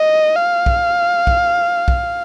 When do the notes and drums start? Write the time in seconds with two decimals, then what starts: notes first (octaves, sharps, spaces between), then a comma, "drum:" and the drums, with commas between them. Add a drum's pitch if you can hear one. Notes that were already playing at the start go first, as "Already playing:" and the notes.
Already playing: D#5
0.36 F5
0.66 drum: kick B1
1.27 drum: kick B1
1.88 drum: kick B1